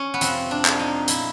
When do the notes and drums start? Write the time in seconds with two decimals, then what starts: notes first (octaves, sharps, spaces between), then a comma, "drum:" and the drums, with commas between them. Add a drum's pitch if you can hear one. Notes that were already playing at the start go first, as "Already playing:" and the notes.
Already playing: C#4
0.14 B3
0.21 F2 C3 F3 C4, drum: hi-hat
0.51 D4
0.65 drum: clap
0.79 D#4
1.08 A#2 F3 E4, drum: hi-hat